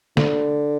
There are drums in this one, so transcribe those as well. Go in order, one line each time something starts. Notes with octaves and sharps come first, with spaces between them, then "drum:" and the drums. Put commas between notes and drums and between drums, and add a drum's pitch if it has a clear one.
D3, drum: snare